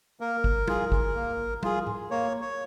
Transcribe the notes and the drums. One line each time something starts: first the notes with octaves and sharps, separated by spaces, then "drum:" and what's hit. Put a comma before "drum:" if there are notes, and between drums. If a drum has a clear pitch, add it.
A#3 A#4
drum: kick G#1
F4 G#4, drum: tom
drum: kick G#1
A#3
F4 G#4, drum: tom
drum: tom A2
A#3 C#5
C#5